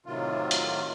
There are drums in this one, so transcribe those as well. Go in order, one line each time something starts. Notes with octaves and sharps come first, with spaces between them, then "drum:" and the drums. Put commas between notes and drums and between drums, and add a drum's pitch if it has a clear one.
A2 C3 D#3 F#3 F4
drum: hi-hat